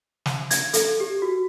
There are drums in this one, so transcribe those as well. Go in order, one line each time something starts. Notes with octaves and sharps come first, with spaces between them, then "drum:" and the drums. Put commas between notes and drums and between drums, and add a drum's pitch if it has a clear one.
drum: snare
G#6, drum: hi-hat
A4, drum: hi-hat
G4
F#4